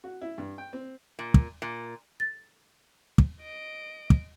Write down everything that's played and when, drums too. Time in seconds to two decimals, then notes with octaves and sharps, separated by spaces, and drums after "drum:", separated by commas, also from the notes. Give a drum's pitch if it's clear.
0.04 F#4
0.22 E4
0.38 G2
0.58 G5
0.73 C4
1.19 A#2
1.34 drum: kick
1.62 A#2
2.20 A6
3.18 drum: kick
3.41 D#5 D7
4.10 drum: kick